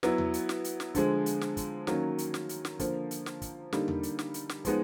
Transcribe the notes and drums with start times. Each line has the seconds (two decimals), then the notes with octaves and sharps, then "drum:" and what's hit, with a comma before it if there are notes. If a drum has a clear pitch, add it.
0.03 F#3 B3 E4, drum: snare
0.18 drum: tom E2
0.34 drum: hi-hat
0.49 drum: snare
0.64 drum: hi-hat
0.80 drum: snare
0.95 D3 F3 G#3, drum: kick, hi-hat
1.26 drum: hi-hat
1.41 drum: snare
1.57 drum: kick, hi-hat
1.87 D#3 F#3 A#3 C#4, drum: snare
2.18 drum: hi-hat
2.34 drum: snare
2.49 drum: hi-hat
2.65 drum: snare
2.79 D3 F3 A#3, drum: kick, hi-hat
3.11 drum: hi-hat
3.26 drum: snare
3.42 drum: kick, hi-hat
3.73 D3 G3 A#3 D#4, drum: snare
3.88 drum: tom E2
4.03 drum: hi-hat
4.19 drum: snare
4.34 drum: hi-hat
4.49 drum: snare
4.65 F3 G#3 B3 D#4, drum: kick, hi-hat